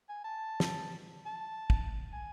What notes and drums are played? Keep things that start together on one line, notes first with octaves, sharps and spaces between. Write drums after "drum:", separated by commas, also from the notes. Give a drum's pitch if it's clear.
G#5
A5
drum: snare
A5
drum: kick
G#5